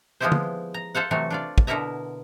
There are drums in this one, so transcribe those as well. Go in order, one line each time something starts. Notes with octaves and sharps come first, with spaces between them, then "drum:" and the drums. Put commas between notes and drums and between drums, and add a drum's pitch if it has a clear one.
F3 G#3 B3 E4 G4 C5
drum: tom
A#5
A4 C5 F5 F#5
C3 E3 F#3 A3
D4 F4 D5
drum: kick
B2 D3 E4 A#4 E5 A#5